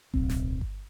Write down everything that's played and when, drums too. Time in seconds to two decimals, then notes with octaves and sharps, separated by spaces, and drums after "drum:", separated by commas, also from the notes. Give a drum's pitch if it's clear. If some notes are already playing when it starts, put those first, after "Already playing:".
0.14 D1 B1 C4, drum: kick G1
0.29 drum: snare
0.61 drum: kick G1